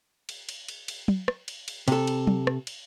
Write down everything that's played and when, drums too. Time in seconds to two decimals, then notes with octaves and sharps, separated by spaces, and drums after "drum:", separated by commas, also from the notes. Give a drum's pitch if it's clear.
0.29 drum: cymbal
0.49 drum: cymbal
0.68 drum: cymbal
0.88 drum: cymbal
1.08 drum: tom
1.28 drum: rim click
1.48 drum: cymbal
1.68 drum: cymbal
1.88 C3 A4, drum: cymbal
2.07 drum: cymbal
2.27 drum: tom
2.47 drum: rim click
2.67 drum: cymbal